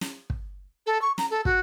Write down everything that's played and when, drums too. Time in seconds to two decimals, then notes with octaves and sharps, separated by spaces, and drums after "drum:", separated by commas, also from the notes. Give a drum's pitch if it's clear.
0.01 drum: snare
0.30 drum: kick
0.86 A4
1.02 C#6
1.18 A#5, drum: snare
1.31 A4
1.45 F#4, drum: kick